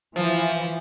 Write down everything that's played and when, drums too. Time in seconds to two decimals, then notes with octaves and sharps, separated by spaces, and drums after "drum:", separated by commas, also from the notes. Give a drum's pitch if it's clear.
0.16 E3 F3, drum: hi-hat
0.33 drum: hi-hat
0.50 drum: hi-hat